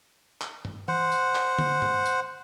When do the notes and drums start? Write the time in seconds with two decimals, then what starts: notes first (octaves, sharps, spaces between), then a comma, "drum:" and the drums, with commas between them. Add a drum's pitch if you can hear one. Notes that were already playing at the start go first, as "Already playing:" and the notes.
0.41 drum: clap
0.65 drum: tom G2
0.88 C5 F#5, drum: tom E3
1.12 drum: tambourine
1.35 drum: clap
1.59 drum: tom D3
1.82 drum: tom G2
2.05 drum: tambourine